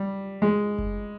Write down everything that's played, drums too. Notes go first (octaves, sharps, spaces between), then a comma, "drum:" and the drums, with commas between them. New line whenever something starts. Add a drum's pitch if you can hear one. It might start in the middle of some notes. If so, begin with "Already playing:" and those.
Already playing: G3
G#3
drum: kick F#1